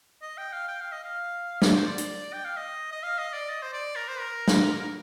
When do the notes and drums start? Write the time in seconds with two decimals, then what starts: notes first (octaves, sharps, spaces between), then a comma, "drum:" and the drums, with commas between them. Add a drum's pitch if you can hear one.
0.22 D#5
0.38 G5
0.53 F5
0.68 G5
0.81 F5
0.92 D#5
1.04 F5
1.62 D5, drum: snare
1.74 C5
1.86 D5
1.98 drum: hi-hat
2.33 G5
2.45 F5
2.56 D#5
2.92 D#5
3.03 F5
3.18 D#5
3.34 D5
3.50 D#5
3.63 C5
3.73 D5
3.96 A#4
4.08 C5
4.20 A#4
4.48 drum: snare